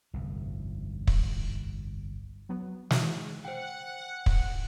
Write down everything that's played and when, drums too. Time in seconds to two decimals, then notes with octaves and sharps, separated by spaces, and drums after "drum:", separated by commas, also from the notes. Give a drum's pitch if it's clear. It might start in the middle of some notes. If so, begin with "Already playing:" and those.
0.13 G1 C2 F2
1.07 drum: kick
2.49 F#3 B3
2.91 E3 F#3, drum: snare
3.45 C5 F#5 G5
4.26 drum: kick